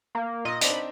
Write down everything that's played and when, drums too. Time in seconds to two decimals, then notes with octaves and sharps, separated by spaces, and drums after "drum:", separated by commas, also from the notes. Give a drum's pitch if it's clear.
0.15 A#3
0.45 A#2 D#5
0.61 C4 D4 D#4 B5, drum: hi-hat